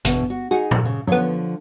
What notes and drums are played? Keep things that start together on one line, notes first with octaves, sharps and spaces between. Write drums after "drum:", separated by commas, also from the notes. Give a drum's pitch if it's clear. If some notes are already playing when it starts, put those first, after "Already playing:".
G1 E2 B2, drum: hi-hat
F#4
D#4 F#4 G#4
drum: tom
C#3
F#2 D3 F3 B3 C#5